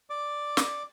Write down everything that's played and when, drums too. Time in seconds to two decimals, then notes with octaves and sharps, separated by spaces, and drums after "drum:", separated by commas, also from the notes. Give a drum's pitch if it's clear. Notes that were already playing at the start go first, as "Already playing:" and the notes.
0.10 D5 D6
0.57 drum: snare